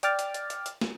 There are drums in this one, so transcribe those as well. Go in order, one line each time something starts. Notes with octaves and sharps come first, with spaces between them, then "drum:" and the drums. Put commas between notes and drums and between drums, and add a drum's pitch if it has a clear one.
D5 G5 D6 F6 A6, drum: hi-hat
drum: hi-hat
drum: hi-hat
drum: hi-hat
drum: hi-hat
drum: snare